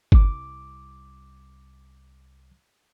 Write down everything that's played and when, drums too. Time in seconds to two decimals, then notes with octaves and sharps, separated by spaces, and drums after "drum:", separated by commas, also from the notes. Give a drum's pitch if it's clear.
0.12 C2 D6, drum: kick G1